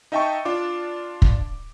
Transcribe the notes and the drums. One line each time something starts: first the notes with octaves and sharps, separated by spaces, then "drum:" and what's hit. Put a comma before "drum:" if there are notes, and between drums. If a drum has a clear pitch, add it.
D#4 D#5 E5 G5 A5 C#6
D4 F4 D6
drum: kick